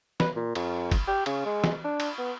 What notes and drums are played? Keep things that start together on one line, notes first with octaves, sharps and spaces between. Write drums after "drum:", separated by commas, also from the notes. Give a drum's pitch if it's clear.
B4, drum: snare
A#2
F2, drum: cymbal
drum: kick G1, cymbal
G4
C#3, drum: cymbal
G#3
drum: snare
D4
drum: cymbal
B3